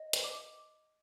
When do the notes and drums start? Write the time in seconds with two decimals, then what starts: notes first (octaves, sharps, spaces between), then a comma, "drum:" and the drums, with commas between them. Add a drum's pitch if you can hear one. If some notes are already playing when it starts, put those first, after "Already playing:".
Already playing: D#5
0.13 drum: hi-hat
0.24 D6